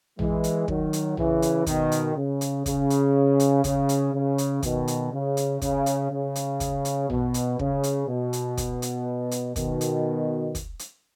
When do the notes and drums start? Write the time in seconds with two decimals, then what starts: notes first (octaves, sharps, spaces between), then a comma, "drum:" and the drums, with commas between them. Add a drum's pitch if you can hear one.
0.19 E3 G#3, drum: tom A#1
0.44 drum: hi-hat
0.68 D#3 F#3, drum: kick
0.93 drum: hi-hat
1.17 C#3 E3, drum: tom A#1
1.42 drum: hi-hat
1.66 B2 D#3, drum: kick, hi-hat
1.92 drum: hi-hat
2.16 C#3
2.41 drum: hi-hat
2.66 C#3, drum: kick, hi-hat
2.90 drum: hi-hat
3.40 drum: hi-hat
3.64 C#3, drum: kick, hi-hat
3.89 drum: hi-hat
4.13 C#3
4.38 drum: hi-hat
4.63 B2 D#3, drum: kick, hi-hat
4.88 drum: hi-hat
5.12 C#3
5.37 drum: hi-hat
5.62 C#3, drum: kick, hi-hat
5.86 drum: hi-hat
6.11 C#3
6.36 drum: hi-hat
6.60 drum: kick, hi-hat
6.85 drum: hi-hat
7.10 B2, drum: tom A#1
7.34 drum: hi-hat
7.59 C#3, drum: kick
7.83 drum: hi-hat
8.08 B2
8.33 drum: hi-hat
8.57 drum: kick, hi-hat
8.82 drum: hi-hat
9.31 drum: hi-hat
9.56 B2 D#3, drum: kick, hi-hat
9.81 drum: hi-hat
10.55 drum: kick, hi-hat
10.79 drum: hi-hat